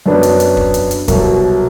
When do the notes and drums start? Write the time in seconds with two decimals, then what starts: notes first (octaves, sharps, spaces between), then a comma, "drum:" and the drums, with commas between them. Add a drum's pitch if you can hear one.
0.06 F#2 F#3 B3 D4
0.23 drum: hi-hat
0.40 drum: hi-hat
0.57 drum: kick
0.74 drum: hi-hat
0.91 drum: hi-hat
1.08 C2 B2 F#3, drum: kick, hi-hat